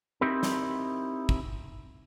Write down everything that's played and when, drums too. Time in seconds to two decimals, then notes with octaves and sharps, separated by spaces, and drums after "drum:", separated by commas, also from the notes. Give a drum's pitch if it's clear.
0.21 C4 D#4 E4 G4 A#4
0.43 drum: snare
1.29 drum: kick